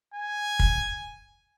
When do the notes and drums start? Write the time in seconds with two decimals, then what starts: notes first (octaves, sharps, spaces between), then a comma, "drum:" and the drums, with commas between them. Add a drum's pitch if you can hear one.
0.14 G#5
0.59 drum: kick